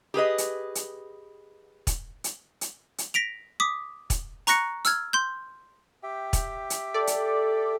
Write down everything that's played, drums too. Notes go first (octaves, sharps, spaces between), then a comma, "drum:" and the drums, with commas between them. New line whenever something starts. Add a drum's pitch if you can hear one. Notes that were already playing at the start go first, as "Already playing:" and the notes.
G4 G#4 B4 D#5
drum: hi-hat
drum: hi-hat
drum: kick, hi-hat
drum: hi-hat
drum: hi-hat
drum: hi-hat
A#6 B6 D7 F7
D6 D#6 B6
drum: kick, hi-hat
A#5 C#6 F#6 A#6 C#7, drum: hi-hat
E6 F6 G#6, drum: hi-hat
C6 G6
G4 E5 G5
drum: kick, hi-hat
drum: hi-hat
A4 D5
drum: hi-hat